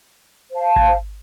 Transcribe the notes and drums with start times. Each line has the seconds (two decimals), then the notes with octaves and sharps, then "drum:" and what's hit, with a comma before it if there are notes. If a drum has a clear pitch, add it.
0.51 C5 F5 A5
0.76 drum: kick G#1